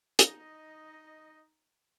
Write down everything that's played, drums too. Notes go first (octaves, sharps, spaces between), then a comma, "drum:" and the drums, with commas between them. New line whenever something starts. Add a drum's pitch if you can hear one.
D#4 D#5, drum: hi-hat